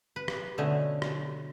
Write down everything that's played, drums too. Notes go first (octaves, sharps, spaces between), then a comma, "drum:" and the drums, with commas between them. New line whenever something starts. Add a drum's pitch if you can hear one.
B4
drum: rim click
B2 D3 A3 C#4 D#5
drum: rim click